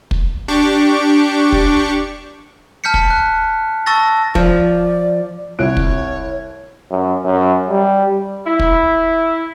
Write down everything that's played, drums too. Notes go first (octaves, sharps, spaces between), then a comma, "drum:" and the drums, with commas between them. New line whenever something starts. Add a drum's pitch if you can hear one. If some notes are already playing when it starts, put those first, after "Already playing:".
drum: kick
D4 G4 C#6 D6
drum: kick
A5 F6 G6 B6 C#7
drum: kick
F#6
A5 C#6 E6 A6 A#6
F3 D5, drum: kick
C2 C#5 F#6 D7
drum: kick
F#2
F#2
G3
E4
drum: kick